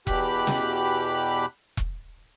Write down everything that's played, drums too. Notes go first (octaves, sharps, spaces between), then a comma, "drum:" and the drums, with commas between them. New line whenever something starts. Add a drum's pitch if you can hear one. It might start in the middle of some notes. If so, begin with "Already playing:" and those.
E2 B2 G4 B5 F#6, drum: kick E1
drum: snare
drum: kick E1